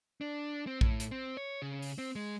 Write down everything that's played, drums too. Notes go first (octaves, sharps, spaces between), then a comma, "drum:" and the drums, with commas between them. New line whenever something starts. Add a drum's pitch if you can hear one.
D4
C4
A2, drum: kick A#1
drum: hi-hat
C4
C#5
C#3
drum: open hi-hat
C4
G#3